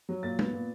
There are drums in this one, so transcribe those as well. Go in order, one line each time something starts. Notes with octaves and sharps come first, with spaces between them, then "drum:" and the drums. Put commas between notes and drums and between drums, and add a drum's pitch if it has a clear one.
F#3
A#2 A6
B3, drum: tom
A#2